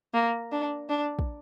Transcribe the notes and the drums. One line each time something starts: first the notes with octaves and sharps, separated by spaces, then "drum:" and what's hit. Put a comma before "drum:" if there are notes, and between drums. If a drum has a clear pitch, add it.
A#3
D4
D4
drum: kick